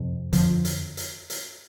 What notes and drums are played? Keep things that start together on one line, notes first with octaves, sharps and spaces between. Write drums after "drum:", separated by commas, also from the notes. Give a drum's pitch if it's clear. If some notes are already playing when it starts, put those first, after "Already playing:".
Already playing: F2 C3
F2 D3 F3, drum: hi-hat
drum: hi-hat
drum: hi-hat
drum: hi-hat